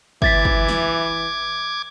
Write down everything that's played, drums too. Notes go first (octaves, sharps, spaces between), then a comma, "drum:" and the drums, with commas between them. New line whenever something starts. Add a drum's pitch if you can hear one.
E3 E5 D6 G#6 A6 B6, drum: kick
drum: kick
drum: snare